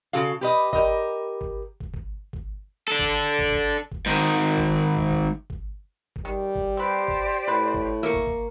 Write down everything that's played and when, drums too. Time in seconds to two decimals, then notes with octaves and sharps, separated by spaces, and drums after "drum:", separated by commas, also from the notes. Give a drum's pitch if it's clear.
0.13 C#3 F#4 A4 F5
0.41 G4 B4 D#5
0.73 G4 A#4 D#5, drum: kick
1.41 drum: kick
1.80 drum: kick
1.94 drum: kick
2.33 drum: kick
2.88 D4 A4
2.99 drum: kick
3.39 drum: kick
3.52 drum: kick
3.92 drum: kick
4.06 G#2 D#3
4.58 drum: kick
4.97 drum: kick
5.10 drum: kick
5.50 drum: kick
6.16 drum: kick
6.25 D#3 G3
6.55 drum: kick
6.77 C4 G4 B4 C5 D5
7.08 drum: kick
7.48 A2 B4
7.74 drum: kick
8.03 A#3 E5 C#6
8.14 drum: kick
8.27 drum: kick